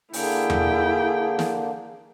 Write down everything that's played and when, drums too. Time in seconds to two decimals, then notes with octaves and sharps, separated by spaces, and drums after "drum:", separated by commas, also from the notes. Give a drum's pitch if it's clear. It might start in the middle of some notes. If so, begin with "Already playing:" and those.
0.13 D3 A#3 D4 E4 G#4 G5, drum: open hi-hat
0.50 drum: tom E2
1.39 drum: snare